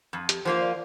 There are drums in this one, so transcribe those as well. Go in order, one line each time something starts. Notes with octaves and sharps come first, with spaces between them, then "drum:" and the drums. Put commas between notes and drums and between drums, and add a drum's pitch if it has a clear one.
F2
G4, drum: hi-hat
F3 A#3 F4 C5
C5
D5